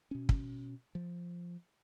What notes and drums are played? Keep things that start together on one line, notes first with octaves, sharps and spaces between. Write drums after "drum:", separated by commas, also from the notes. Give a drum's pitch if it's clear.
B2 C#4
drum: kick
F3